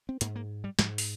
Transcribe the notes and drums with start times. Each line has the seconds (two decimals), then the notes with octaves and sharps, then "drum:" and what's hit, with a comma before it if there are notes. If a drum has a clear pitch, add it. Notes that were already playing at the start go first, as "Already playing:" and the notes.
0.09 C4
0.21 G#2 A#3, drum: hi-hat
0.36 A#3
0.64 G3
0.79 G#2 F3, drum: snare
0.98 drum: open hi-hat